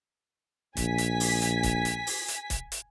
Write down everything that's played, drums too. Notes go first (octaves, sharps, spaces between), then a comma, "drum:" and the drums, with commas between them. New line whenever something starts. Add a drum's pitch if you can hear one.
A#1 G#5 B6, drum: kick C#1, hi-hat
drum: hi-hat
drum: open hi-hat
drum: hi-hat
drum: kick C#1, hi-hat
drum: hi-hat
drum: open hi-hat
drum: hi-hat
drum: kick C#1, hi-hat
drum: hi-hat